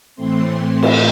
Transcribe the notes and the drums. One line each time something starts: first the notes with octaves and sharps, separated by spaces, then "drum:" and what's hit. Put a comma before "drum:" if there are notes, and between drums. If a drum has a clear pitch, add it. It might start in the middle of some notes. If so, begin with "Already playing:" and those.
A2 E3 A3 C4 C6
drum: cymbal